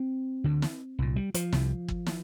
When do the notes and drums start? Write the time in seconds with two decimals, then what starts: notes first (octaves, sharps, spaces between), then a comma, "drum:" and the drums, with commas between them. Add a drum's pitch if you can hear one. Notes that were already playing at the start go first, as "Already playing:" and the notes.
Already playing: C4
0.44 D2 D3
0.62 drum: snare
0.99 C2 A#2
1.16 G3
1.34 F3, drum: hi-hat
1.52 C2 C3, drum: snare
1.88 drum: kick
2.06 drum: snare